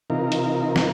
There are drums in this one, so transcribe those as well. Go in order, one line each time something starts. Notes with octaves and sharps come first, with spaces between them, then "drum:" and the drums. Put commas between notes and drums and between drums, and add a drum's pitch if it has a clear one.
C3 E3 D#4 F4 A#4
drum: hi-hat
drum: snare